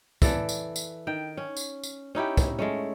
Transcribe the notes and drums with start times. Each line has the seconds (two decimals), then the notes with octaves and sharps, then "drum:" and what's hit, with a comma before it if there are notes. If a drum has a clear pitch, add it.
0.22 E3 A4 D5, drum: kick, tambourine
0.49 drum: tambourine
0.76 drum: tambourine
1.07 D#3 G5
1.37 C#4
1.57 drum: tambourine
1.84 drum: tambourine
2.15 C#4 D#4 E4 G4
2.37 drum: kick, tambourine
2.59 G#3 A3 C#4